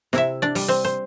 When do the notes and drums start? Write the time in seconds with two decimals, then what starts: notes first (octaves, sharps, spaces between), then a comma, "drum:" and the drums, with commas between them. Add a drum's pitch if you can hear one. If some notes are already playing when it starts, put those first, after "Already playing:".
0.13 C3 E4 E5, drum: snare
0.42 D4 D5
0.55 G3, drum: open hi-hat
0.68 C4 C5
0.85 C5